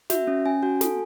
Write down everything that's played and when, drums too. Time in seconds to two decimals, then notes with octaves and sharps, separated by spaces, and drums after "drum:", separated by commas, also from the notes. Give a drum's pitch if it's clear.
0.10 F#4 E5, drum: snare
0.27 C#4
0.45 C#4 G#5
0.63 F#4
0.81 A4, drum: snare